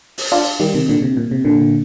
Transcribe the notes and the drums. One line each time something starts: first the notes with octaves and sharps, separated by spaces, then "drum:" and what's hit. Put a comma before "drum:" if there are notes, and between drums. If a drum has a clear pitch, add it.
drum: open hi-hat
D4 F4
D#3 G3
C3 D#3
A#2 D3
C3
A#2
C3
A#2 D3